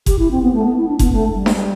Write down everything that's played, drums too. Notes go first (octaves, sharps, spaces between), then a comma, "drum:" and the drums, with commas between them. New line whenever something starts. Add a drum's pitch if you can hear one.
G4, drum: kick F#1, hi-hat
E4
C4
B3
A3
B3
E4
D4
B3, drum: kick F#1, hi-hat
A3
G3
drum: snare D4